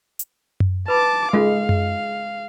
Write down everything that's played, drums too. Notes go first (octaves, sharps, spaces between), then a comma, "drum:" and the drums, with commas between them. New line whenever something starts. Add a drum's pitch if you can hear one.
drum: hi-hat
drum: tom F#2
B4 A5 B5 D6
G#3 C#4 F4 A4 F5
drum: tom F#2